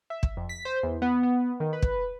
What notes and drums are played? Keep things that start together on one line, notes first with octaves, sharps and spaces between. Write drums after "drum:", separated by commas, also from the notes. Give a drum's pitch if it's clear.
E5
drum: kick
F2
B6
C5
E2
B3
B3
D#3
B4
drum: kick